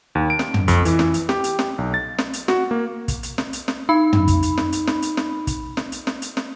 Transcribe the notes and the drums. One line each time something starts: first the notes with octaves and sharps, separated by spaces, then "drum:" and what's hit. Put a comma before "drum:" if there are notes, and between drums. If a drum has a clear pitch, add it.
D#2
D7
drum: snare
drum: tom
F2, drum: kick, hi-hat
E3, drum: hi-hat
drum: snare
drum: hi-hat
G4, drum: snare
drum: hi-hat
drum: snare
B1
A6
drum: snare
drum: hi-hat
F#4, drum: snare
A#3
drum: kick, hi-hat
drum: hi-hat
drum: snare
drum: hi-hat
drum: snare
D#4 B5
drum: tom
drum: kick, hi-hat
drum: hi-hat
drum: snare
drum: hi-hat
drum: snare
drum: hi-hat
drum: snare
drum: kick, hi-hat
drum: snare
drum: hi-hat
drum: snare
drum: hi-hat
drum: snare